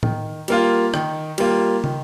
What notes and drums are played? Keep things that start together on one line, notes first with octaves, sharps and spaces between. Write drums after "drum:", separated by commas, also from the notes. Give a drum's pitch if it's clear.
D#3, drum: tom A2
G3 A#3 F4, drum: cymbal
D#3, drum: rim click
G3 A#3 F4, drum: cymbal
D#3, drum: tom